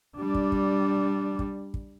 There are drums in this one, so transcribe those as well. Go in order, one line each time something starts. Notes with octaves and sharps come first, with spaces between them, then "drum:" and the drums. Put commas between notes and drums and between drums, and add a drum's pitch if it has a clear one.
G3 D4
drum: kick
drum: kick
drum: kick
drum: kick